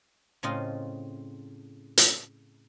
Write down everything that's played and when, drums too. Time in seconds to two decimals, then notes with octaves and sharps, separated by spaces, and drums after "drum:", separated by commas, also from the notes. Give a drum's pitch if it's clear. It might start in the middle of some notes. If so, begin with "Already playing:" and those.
0.43 A2 C#3 C4 F4 D#5 C6
1.98 drum: hi-hat